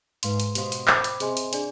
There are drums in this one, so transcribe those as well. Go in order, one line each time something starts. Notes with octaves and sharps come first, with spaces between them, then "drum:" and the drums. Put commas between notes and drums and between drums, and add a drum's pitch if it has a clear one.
G#2 B4 F5 C6, drum: hi-hat
drum: hi-hat
B2 G4 C5 F5 C6, drum: hi-hat
drum: hi-hat
C5 G5 B5 D6, drum: clap
drum: hi-hat
C3 G#4 C5 D#5 G#5 C6, drum: hi-hat
drum: hi-hat
D4 G#4 D5 G#5, drum: hi-hat